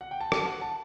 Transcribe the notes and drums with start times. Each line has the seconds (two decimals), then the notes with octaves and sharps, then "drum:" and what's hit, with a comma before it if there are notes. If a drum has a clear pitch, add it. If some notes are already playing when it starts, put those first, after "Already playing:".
0.01 F#5
0.11 G5
0.21 A5
0.32 A5, drum: rim click
0.46 F#5
0.61 A5